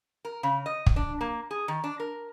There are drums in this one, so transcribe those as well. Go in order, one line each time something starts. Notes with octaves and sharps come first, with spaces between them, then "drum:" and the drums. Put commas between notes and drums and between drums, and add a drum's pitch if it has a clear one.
A#4
C#3
D#5
drum: kick
D4
A#3
G#4
D#3
D4
A#4